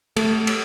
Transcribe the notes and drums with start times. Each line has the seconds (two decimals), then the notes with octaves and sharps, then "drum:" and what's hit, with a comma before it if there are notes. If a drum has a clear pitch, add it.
0.16 A3, drum: cymbal
0.47 drum: cymbal